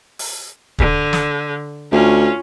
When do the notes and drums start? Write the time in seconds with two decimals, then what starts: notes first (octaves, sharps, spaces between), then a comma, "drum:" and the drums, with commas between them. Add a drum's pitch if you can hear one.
0.19 drum: open hi-hat
0.79 D3, drum: kick
1.13 drum: snare
1.92 D2 C#4 F4